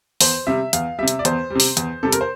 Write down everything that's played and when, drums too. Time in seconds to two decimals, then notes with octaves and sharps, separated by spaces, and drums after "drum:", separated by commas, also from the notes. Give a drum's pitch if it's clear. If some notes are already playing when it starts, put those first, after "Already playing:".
0.21 E2 C5, drum: open hi-hat
0.47 C3 G3 E5
0.73 E2 F5, drum: hi-hat
0.98 C3 G3 E5
1.08 drum: hi-hat
1.19 D5
1.25 E2 C5, drum: hi-hat
1.50 C3 G3
1.60 drum: open hi-hat
1.77 E2, drum: hi-hat
2.03 C3 G3 A4
2.13 A#4, drum: hi-hat
2.21 C5